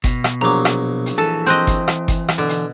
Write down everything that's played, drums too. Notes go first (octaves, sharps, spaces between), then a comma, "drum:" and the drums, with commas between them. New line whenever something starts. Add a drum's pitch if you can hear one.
B2, drum: kick G1, hi-hat
drum: rim click
A#1 F#3 A#5 D6
drum: rim click
drum: hi-hat
E3 A4
C4 D#5 C6 F#6 G6, drum: hi-hat
drum: kick G1, hi-hat
drum: rim click
drum: kick G1, hi-hat
drum: rim click
B2 D3
drum: hi-hat